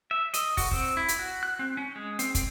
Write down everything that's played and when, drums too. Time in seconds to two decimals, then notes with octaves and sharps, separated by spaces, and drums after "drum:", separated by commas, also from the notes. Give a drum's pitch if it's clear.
0.11 E5
0.34 D#5, drum: hi-hat
0.57 F#4, drum: kick, open hi-hat
0.71 C4, drum: kick
0.97 E4
1.08 drum: hi-hat
1.19 F#4
1.43 F#6
1.59 C4
1.77 C#4
1.96 G#3
2.19 C4, drum: hi-hat
2.35 C4, drum: kick, hi-hat